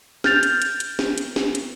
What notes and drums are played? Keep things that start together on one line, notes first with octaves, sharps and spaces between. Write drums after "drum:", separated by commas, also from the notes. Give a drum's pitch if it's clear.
F6 G6 A6 F7, drum: snare
drum: hi-hat
drum: hi-hat
drum: hi-hat
drum: snare
drum: hi-hat
drum: snare
drum: hi-hat